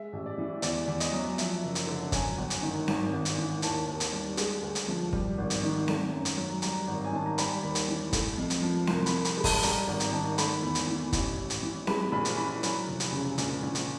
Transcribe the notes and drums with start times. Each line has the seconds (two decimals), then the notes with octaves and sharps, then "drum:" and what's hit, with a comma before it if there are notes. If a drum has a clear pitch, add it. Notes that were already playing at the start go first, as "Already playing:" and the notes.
Already playing: G#3 E5
0.13 A1
0.26 D5
0.38 E3
0.62 E2 D5, drum: hi-hat
0.87 E2
1.00 D#5, drum: hi-hat
1.13 F#3
1.38 F3 E5, drum: hi-hat
1.63 F#1
1.75 drum: hi-hat
1.87 D3
2.12 F#3 G#5, drum: kick, hi-hat
2.38 G1
2.50 drum: hi-hat
2.63 D#3
2.88 G#1, drum: snare C4
3.13 G#1
3.25 drum: hi-hat
3.38 E3
3.62 D#2 A5, drum: hi-hat
3.87 D#2
4.00 drum: hi-hat
4.12 G3
4.37 G#3, drum: hi-hat
4.63 D2
4.75 drum: hi-hat
4.88 F3
5.13 G3, drum: kick
5.38 G#1
5.50 drum: hi-hat
5.63 D#3
5.88 A3, drum: snare C4
6.13 F#2
6.25 drum: hi-hat
6.37 F#3
6.62 G3 A#5, drum: hi-hat
6.87 G#1
7.04 G#5
7.13 D#3 A5
7.26 A#5
7.38 G3 B5, drum: hi-hat
7.63 D#2
7.75 drum: hi-hat
7.88 E3
8.13 A3, drum: kick, hi-hat
8.38 F2
8.50 drum: hi-hat
8.62 F3
8.87 C2 C6, drum: snare C4
9.06 B5, drum: hi-hat
9.13 C2
9.25 B5, drum: hi-hat
9.37 G#3
9.44 A5, drum: kick, open hi-hat
9.63 G3 A#5, drum: hi-hat
9.87 G#1 A#5
10.00 drum: hi-hat
10.12 D#3 A5
10.38 A3 B5, drum: hi-hat
10.62 E2
10.75 drum: hi-hat
10.87 E3
11.13 A1, drum: kick, hi-hat
11.37 A1
11.50 drum: hi-hat
11.63 E3
11.87 G#3 B5, drum: snare C4
12.12 A#1 B5
12.25 drum: hi-hat
12.37 E3 B5
12.63 F#3, drum: hi-hat
12.88 F1
13.00 drum: hi-hat
13.12 C#3
13.38 A#1, drum: hi-hat
13.63 A#1
13.75 drum: hi-hat